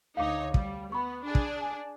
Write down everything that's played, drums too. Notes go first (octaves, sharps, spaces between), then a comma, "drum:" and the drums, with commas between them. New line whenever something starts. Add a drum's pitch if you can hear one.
D2 D#4 C#5 F5 D6
G3, drum: kick
B3 B5 C#6
D4 G#4
drum: kick
G#5